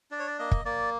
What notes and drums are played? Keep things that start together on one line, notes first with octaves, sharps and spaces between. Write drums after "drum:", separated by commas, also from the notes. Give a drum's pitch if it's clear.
D4 D5
C#5
D5
A#3 D#5
drum: kick
A#3 D5